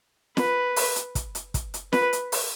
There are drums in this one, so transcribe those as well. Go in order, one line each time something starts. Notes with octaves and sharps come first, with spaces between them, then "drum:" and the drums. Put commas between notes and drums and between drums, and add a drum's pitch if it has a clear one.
B4, drum: snare
drum: open hi-hat
drum: hi-hat
drum: kick, hi-hat
drum: hi-hat
drum: kick, hi-hat
drum: hi-hat
B4, drum: snare
drum: hi-hat
drum: open hi-hat